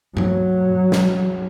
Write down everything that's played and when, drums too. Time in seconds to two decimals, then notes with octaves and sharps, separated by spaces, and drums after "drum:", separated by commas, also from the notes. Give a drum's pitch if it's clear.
0.17 F#3, drum: tom G2
0.92 drum: snare